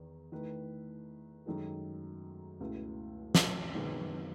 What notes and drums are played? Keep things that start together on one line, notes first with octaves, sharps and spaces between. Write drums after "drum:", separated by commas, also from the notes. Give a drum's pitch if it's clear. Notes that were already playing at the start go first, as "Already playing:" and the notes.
Already playing: E2 D#3
D#3 A3 E4 B4
F#2 D#3 G#3 D#4 A4
C#2 B2 A3 E4
drum: snare
F#2 D#3 G#3 B3 D#4